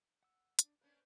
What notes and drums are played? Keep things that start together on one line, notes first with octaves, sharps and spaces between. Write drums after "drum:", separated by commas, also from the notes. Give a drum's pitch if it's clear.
F#5 E6
D4, drum: hi-hat
A#3 C#4 D4 B4 C5